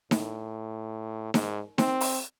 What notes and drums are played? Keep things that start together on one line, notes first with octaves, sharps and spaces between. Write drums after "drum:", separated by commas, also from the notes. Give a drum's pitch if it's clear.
A2, drum: snare D#4
G#2, drum: snare D#4
C4, drum: snare D#4
drum: open hi-hat